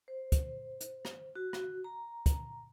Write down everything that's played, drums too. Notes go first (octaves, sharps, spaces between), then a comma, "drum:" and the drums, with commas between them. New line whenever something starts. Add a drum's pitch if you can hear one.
C5
drum: kick, hi-hat
drum: hi-hat
drum: rim click
F#4
drum: rim click
A#5
drum: kick, hi-hat